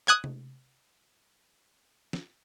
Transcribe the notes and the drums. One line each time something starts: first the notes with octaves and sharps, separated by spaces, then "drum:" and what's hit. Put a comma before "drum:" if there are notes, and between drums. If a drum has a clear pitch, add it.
D#6 F#6 G#6, drum: clap
drum: tom C3
drum: snare